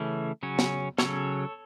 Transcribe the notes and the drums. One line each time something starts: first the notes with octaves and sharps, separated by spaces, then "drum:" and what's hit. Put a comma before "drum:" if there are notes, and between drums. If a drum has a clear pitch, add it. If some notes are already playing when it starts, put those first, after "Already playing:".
Already playing: C#3 E3 A3 C#4
C#3 F#3 C#4
drum: snare
C#3 F#3 C#4 A4 C#5, drum: snare